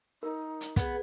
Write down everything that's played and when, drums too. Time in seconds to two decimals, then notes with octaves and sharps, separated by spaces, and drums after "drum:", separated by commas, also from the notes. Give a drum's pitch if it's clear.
0.23 D#4 A#4
0.61 drum: hi-hat
0.76 B3 G#4 B4, drum: kick, hi-hat